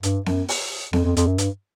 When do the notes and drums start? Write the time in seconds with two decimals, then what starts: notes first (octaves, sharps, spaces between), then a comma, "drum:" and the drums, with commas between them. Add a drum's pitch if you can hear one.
0.03 G2, drum: hi-hat
0.26 F#2, drum: snare B3
0.49 drum: open hi-hat
0.93 F2, drum: snare B3
1.05 F2
1.17 F2, drum: hi-hat
1.27 F#2
1.38 G2, drum: hi-hat